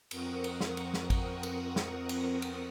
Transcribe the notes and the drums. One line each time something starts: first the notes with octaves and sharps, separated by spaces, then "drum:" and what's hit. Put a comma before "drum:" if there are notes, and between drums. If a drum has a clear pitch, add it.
F2 C4 A#4 F#5 C#6 D#6, drum: cymbal
drum: cymbal
drum: snare
drum: cymbal
drum: snare
drum: kick G#1, cymbal
drum: cymbal
drum: snare
drum: cymbal
drum: cymbal